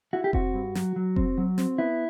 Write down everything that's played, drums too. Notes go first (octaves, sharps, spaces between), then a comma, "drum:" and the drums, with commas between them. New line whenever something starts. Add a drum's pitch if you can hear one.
E4 F#4
G4
C4 F#4, drum: kick F1
G2
F#3, drum: snare
F#3
C4, drum: kick F1
F#3
C4, drum: snare
B3 E4